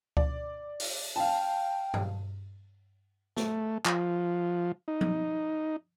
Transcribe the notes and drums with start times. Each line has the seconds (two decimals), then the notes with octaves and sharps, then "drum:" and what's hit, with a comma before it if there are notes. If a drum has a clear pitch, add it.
0.17 D5, drum: kick C#2
0.80 drum: open hi-hat
1.16 F5 G5 A5
1.94 drum: tom G2
3.37 A3, drum: snare
3.85 F3, drum: clap
4.88 D#4
5.01 drum: tom F3